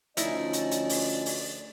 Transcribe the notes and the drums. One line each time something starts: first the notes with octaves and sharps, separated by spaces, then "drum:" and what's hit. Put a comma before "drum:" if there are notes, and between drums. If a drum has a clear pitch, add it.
D2 F3 C#4 D#4 E4 D5 D#5, drum: hi-hat
drum: hi-hat
drum: hi-hat
drum: open hi-hat
drum: open hi-hat